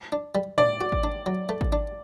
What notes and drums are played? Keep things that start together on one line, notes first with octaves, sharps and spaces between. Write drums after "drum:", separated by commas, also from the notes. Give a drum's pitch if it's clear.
D4
G3
D4 D5, drum: tom A2
F#4
drum: kick G#1
D4
F#3
A3
drum: kick G#1
D4